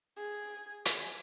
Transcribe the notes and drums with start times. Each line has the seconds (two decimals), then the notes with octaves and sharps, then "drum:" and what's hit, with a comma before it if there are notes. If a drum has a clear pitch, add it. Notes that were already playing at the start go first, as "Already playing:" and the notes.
0.17 G#4
0.85 G#5, drum: hi-hat